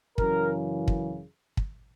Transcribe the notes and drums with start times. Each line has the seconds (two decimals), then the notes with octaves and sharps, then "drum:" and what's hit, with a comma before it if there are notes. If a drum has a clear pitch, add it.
0.18 F#2 C#3 E3 A#4, drum: kick
0.88 drum: kick
1.57 drum: kick